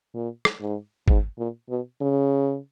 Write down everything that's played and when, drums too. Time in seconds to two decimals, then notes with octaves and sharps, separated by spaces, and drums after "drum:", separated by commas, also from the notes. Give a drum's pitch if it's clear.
0.14 A#2
0.45 drum: rim click
0.61 G#2
1.08 G#2, drum: kick G#1
1.38 A#2
1.70 B2
2.01 C#3